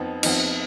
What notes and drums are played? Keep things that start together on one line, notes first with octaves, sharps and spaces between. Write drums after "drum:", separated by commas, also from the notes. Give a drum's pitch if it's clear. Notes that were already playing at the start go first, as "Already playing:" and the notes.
Already playing: F2 F3 B3 D#4
F2 F3 B3 D#4, drum: cymbal